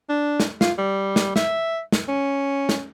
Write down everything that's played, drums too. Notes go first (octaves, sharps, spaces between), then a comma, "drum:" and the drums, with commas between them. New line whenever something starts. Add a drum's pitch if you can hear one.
D4
drum: snare
F4, drum: snare
G3
drum: snare
E5, drum: snare
drum: snare
C#4
drum: snare